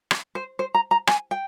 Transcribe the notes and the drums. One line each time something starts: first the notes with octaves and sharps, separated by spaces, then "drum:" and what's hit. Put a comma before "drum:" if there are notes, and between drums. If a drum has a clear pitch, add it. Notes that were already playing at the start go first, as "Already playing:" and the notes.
drum: rim click
C5
C5
A#5
A#5
G#5, drum: rim click
G5